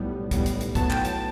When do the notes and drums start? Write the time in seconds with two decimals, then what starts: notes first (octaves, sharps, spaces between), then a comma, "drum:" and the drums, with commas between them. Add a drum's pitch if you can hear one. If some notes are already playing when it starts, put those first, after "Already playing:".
Already playing: B1 A2 G3 B3
0.31 B1 A2 G3 B3, drum: kick, hi-hat
0.46 drum: hi-hat
0.61 drum: hi-hat
0.75 B1 A2 F#3 B3 A5, drum: kick, hi-hat
0.90 G5, drum: clap
1.05 A5, drum: hi-hat